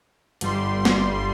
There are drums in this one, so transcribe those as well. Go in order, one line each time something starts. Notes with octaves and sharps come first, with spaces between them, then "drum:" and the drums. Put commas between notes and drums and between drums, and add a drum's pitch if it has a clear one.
G1 G3 C6, drum: hi-hat
drum: snare